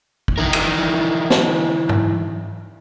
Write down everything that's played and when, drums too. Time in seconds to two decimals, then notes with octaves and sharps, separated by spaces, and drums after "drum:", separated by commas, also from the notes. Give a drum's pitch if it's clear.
0.28 drum: kick
0.38 E3 D#4 E4 A#4
0.53 drum: cymbal
1.30 drum: snare
1.89 drum: tom